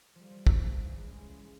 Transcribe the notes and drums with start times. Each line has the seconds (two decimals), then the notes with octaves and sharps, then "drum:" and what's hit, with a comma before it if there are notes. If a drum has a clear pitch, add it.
0.15 F3 G3
0.31 F3
0.47 F3, drum: kick
0.61 E2
0.76 E2
0.92 E2
1.07 G#3 C#4
1.22 C#3